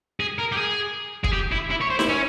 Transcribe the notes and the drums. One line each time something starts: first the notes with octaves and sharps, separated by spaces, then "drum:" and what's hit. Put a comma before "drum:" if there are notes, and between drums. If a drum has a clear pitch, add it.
G#4
A#4
G4
G#4
G#4, drum: kick
G4
E4
E4
C#5
C5
E4, drum: snare D#4
C#4